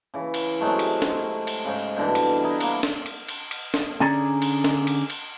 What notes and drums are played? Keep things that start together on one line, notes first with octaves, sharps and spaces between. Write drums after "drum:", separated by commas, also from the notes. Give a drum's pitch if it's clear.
C#3 E3
drum: cymbal
C3 F#3 G#3 A3
drum: cymbal
drum: snare
drum: cymbal
G#2 C#3
G2 B2 D3 E3
drum: cymbal
E4 D#5 A#5
A#3 B3, drum: cymbal
drum: snare
drum: cymbal
drum: cymbal
drum: cymbal
drum: snare
D3 C#4 G#4 D5 A#5
drum: cymbal
drum: snare
drum: cymbal
drum: cymbal